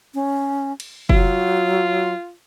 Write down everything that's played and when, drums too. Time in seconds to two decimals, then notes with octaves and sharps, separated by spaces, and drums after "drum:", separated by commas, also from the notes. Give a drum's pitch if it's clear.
0.14 C#4
0.80 drum: cymbal
1.09 F#3 F4, drum: kick